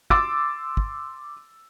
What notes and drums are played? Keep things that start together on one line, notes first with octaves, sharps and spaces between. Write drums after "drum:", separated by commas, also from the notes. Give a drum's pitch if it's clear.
C6 D6 E6 A6, drum: kick
drum: kick